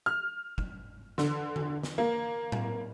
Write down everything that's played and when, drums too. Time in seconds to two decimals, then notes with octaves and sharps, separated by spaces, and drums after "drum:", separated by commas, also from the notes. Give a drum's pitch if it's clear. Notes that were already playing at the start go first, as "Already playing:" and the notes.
0.06 F6
0.58 drum: kick
1.18 D3, drum: snare
1.56 drum: tom D3
1.83 drum: snare
1.98 A#3
2.52 drum: tom A2